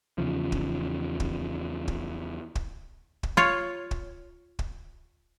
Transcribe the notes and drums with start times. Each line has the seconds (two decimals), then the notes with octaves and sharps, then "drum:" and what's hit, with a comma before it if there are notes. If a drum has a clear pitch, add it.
0.18 E2 C#3 F3
0.52 drum: kick
1.20 drum: kick
1.88 drum: kick
2.55 drum: kick
3.23 drum: kick
3.37 F4 C#5
3.91 drum: kick
4.59 drum: kick